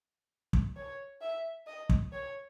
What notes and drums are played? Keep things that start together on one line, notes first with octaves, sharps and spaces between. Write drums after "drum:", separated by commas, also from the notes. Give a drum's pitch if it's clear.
drum: kick
C#5
E5
D#5
drum: kick
C#5